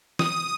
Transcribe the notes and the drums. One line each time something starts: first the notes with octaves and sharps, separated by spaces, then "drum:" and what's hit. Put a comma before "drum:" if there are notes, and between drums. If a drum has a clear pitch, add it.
D#6, drum: snare